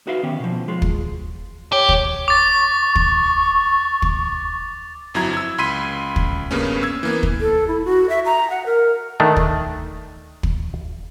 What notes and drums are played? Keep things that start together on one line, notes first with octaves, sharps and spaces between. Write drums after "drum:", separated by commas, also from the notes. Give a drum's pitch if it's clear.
D#4 F#4 B4 E5 F5
D#3 B3 C#4 G4
B2 F3
G#3 F4
drum: kick
G4 C#5
drum: kick
C#6 D6 A6
drum: kick
drum: kick
G1 F2 F#3 E4 A#5 G#6
E6 G#6
C#2 B5 C6 B6 D#7
drum: kick
G2 C#3 A#3 B3 C#4
E6 G#6
E3 A#3 B3
drum: kick
A4
E4
F#4
E5
A#5
F#5
A#4
D#3 A3 D4
drum: kick
drum: kick